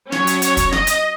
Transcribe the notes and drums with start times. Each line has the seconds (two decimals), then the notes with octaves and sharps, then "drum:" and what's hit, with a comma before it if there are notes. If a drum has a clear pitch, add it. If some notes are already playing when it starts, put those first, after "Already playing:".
0.12 F#3 C#4 C#5, drum: snare
0.27 drum: hi-hat
0.42 C#5, drum: hi-hat
0.57 drum: kick, hi-hat
0.72 D#5, drum: snare
0.87 drum: hi-hat